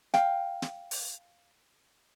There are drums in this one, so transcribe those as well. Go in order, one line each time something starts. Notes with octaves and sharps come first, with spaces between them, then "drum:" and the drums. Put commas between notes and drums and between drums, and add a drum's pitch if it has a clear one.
F5 G5, drum: snare
drum: snare
drum: open hi-hat